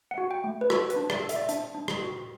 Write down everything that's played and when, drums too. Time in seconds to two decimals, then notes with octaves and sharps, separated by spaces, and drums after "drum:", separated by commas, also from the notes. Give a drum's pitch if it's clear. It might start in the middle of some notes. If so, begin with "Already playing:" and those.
0.11 F#5
0.18 F#4
0.31 G5
0.44 A3
0.61 B4
0.70 F#4 A4, drum: rim click
0.90 B4, drum: hi-hat
0.96 D4
1.10 D5, drum: rim click
1.23 A4
1.29 E5, drum: hi-hat
1.36 D5
1.44 E5
1.49 D4, drum: hi-hat
1.75 D4
1.88 drum: rim click
2.01 F#4